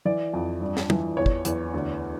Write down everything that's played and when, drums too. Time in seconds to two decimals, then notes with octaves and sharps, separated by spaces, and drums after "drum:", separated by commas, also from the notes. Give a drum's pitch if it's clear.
0.05 E3 D5
0.33 F2
0.61 G2
0.77 drum: snare
0.90 E3, drum: tom
1.17 E2 C#5
1.26 drum: kick
1.45 E2, drum: hi-hat
1.74 D2